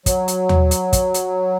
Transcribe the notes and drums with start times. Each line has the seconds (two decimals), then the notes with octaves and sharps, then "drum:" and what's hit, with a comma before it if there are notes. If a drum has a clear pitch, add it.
0.06 F#3, drum: kick, hi-hat
0.28 drum: hi-hat
0.49 drum: tom D#2
0.71 drum: hi-hat
0.93 drum: kick, hi-hat
1.14 drum: hi-hat